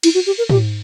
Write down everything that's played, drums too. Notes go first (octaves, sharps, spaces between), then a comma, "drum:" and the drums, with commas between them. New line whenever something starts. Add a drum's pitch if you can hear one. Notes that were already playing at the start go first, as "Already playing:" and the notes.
E4, drum: cymbal
F#4
G4
A#4
G4, drum: tom